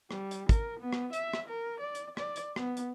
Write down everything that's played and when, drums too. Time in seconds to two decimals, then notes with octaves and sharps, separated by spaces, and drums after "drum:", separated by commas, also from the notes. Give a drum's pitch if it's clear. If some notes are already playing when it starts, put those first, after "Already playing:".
0.11 G3, drum: rim click
0.31 drum: hi-hat
0.49 A#4, drum: kick, hi-hat
0.80 B3
0.93 drum: rim click
1.13 E5, drum: hi-hat
1.33 drum: rim click
1.48 A#4
1.80 D5
1.95 drum: hi-hat
2.17 D5, drum: rim click
2.36 drum: hi-hat
2.56 B3, drum: rim click
2.77 drum: hi-hat